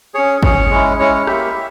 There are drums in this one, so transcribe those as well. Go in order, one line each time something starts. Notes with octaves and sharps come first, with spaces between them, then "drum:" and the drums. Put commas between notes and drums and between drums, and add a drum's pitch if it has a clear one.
C#4 G#4 C#5
C#4 G#4 C#5, drum: kick G#1
G#3 C#4 E4
G#3 C#4 E4 C#5
C#5
A#3 E4 G4 E5, drum: rim click